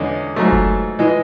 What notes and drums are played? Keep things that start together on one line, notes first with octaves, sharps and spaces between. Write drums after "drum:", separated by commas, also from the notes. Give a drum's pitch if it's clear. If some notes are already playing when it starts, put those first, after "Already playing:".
Already playing: E2 D3 G#3 C#4
G#2 F#3 A3
drum: kick F#1
E3 G#3